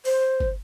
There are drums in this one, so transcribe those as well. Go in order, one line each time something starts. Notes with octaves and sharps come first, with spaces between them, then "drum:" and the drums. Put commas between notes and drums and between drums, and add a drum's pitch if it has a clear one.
C5, drum: open hi-hat
drum: kick G1